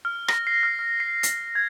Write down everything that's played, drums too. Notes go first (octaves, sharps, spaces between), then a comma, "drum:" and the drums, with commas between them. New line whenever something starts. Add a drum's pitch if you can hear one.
F6
A#6, drum: rim click
C7
F6
F6
C7
C7, drum: hi-hat
G#6